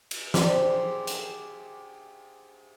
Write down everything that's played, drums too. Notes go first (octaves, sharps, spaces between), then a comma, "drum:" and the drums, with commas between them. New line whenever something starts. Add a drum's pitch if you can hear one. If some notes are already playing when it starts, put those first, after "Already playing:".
drum: cymbal
G4 G#4 C5 D5, drum: snare
drum: hi-hat